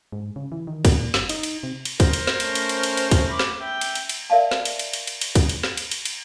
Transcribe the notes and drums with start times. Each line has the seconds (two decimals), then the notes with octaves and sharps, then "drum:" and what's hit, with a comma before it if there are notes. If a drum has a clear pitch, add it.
0.12 G#2
0.36 C#3
0.52 E3
0.67 D#3
0.85 A#2, drum: kick, cymbal
0.96 A#2
1.14 G1, drum: snare
1.29 D#4, drum: cymbal
1.43 drum: cymbal
1.63 C3
1.85 drum: cymbal
2.00 A#4 C5, drum: kick, cymbal
2.13 drum: cymbal
2.27 drum: snare
2.40 A3 C#4, drum: cymbal
2.55 drum: cymbal
2.69 drum: cymbal
2.83 drum: cymbal
2.97 drum: cymbal
3.11 drum: kick, cymbal
3.30 B5 D6
3.39 drum: snare
3.61 E5 G5
3.81 drum: cymbal
3.95 drum: cymbal
4.09 drum: cymbal
4.30 A#4 D5 E5 F5 A5
4.51 drum: snare
4.65 drum: cymbal
4.79 drum: cymbal
4.93 drum: cymbal
5.07 drum: cymbal
5.21 drum: cymbal
5.35 drum: kick, cymbal
5.49 drum: cymbal
5.63 drum: snare
5.77 drum: cymbal
5.91 drum: cymbal
6.05 drum: cymbal